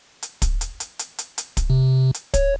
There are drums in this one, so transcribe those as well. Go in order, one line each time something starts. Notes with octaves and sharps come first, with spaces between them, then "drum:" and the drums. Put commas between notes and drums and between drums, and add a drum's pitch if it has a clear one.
drum: hi-hat
drum: kick, hi-hat
drum: hi-hat
drum: hi-hat
drum: hi-hat
drum: hi-hat
drum: hi-hat
drum: kick, hi-hat
C3
drum: hi-hat
C#5, drum: kick, hi-hat